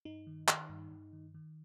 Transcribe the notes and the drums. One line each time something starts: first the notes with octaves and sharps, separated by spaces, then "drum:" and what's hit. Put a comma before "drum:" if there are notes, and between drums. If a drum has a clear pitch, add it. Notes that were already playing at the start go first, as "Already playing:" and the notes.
G2 D#4
D#3
D#3, drum: clap
G2
G2
D#3
D#3